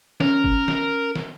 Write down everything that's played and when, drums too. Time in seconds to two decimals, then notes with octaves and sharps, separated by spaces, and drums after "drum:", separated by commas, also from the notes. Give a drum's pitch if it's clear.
0.21 C#4 A#4, drum: snare
0.44 drum: kick G1
0.68 drum: snare
1.16 drum: snare